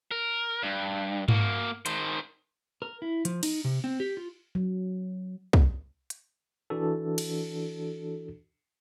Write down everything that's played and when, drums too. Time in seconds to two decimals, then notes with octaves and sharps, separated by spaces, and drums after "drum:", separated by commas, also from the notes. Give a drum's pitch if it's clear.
0.11 A#4
0.63 G2
1.28 A#3 F#4, drum: tom G#2
1.86 D#3 C5, drum: hi-hat
2.82 A#4
3.02 E4
3.25 F3, drum: hi-hat
3.43 D#4, drum: cymbal
3.64 C3
3.84 C4
4.00 G4
4.17 F4
4.55 F#3
5.53 drum: kick
6.10 drum: hi-hat
6.70 E3 D4 F#4 A4
7.18 drum: cymbal